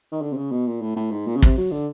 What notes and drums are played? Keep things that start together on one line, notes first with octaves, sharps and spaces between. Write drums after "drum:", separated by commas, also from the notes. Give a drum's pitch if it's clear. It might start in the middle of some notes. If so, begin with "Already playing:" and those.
D#3
D3
C3
C#3
B2
A#2
A2
A2
G#2
A#2
C#3
C3, drum: kick
F#3
D3